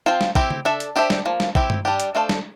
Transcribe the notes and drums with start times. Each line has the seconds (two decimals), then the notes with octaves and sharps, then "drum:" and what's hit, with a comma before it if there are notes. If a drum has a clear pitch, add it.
0.06 F3 C4 F4 C5
0.21 drum: snare
0.35 C4 E4 G4, drum: kick
0.51 drum: tom C#3
0.65 D4 A4 E5
0.80 drum: hi-hat
0.96 D4 G4 C5 E5
1.10 drum: snare
1.25 F3 A#3
1.40 drum: snare
1.55 C4 E4 G4, drum: kick
1.70 drum: tom G2
1.85 G3 D4 G4
2.00 drum: hi-hat
2.15 A3 D4 A4 C5 F5
2.29 drum: snare